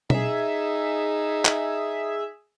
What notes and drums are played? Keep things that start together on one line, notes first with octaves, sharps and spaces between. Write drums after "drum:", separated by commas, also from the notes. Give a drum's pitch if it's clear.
D#4 G#4 E5, drum: tom B2
drum: clap